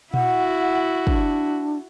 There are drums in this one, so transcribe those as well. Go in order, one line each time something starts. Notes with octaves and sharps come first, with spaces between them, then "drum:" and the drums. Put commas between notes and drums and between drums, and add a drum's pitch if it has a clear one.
E4 F#4 F#5, drum: tom A#2
D4, drum: kick